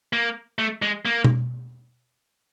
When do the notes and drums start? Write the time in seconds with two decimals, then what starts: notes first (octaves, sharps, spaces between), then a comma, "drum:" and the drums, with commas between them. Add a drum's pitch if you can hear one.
0.13 A#3
0.59 A3
0.82 G#3
1.05 A#3
1.24 drum: tom B2